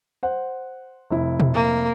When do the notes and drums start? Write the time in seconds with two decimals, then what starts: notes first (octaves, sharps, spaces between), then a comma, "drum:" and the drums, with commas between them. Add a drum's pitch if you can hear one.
0.23 C5 F#5
1.10 F1 E4
1.40 drum: tom
1.54 A#3